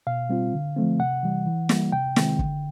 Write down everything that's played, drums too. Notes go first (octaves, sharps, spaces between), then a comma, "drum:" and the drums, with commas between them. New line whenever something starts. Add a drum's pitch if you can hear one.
B2 F5
G3 C4 F4
D3
F3 A3 C4
C3 F#5
E3 G3
E3
G3 A#3, drum: snare
C3 G5
D#3 G#3 C4, drum: snare
D3, drum: kick